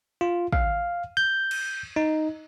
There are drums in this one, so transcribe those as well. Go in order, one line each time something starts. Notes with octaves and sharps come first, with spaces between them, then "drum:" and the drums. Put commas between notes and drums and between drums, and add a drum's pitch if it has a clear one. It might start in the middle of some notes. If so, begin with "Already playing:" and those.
F4
F5, drum: kick
G6
drum: cymbal
D#4